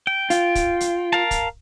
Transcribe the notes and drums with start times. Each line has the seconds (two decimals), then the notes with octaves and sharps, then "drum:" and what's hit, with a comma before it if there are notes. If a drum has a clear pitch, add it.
0.07 G5
0.30 F4, drum: hi-hat
0.55 drum: kick, hi-hat
0.81 drum: hi-hat
1.13 A#4 F5 A5
1.31 drum: kick, hi-hat